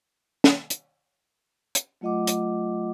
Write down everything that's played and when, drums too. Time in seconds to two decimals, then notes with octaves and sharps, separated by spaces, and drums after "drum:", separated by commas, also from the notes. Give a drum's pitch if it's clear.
0.44 drum: snare
0.70 drum: hi-hat
1.75 drum: hi-hat
2.01 F#3 A3 F4 D#5 F#5 D6
2.27 drum: hi-hat